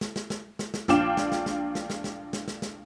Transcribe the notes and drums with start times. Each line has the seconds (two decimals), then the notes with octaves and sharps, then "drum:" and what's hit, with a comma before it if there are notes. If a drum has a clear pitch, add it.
0.01 drum: snare
0.16 drum: snare
0.30 drum: snare
0.59 drum: snare
0.74 drum: snare
0.88 A#1 D4 F4 G5 D6 E7, drum: snare
1.17 drum: snare
1.32 drum: snare
1.46 drum: snare
1.75 drum: snare
1.90 drum: snare
2.04 drum: snare
2.33 drum: snare
2.48 drum: snare
2.62 drum: snare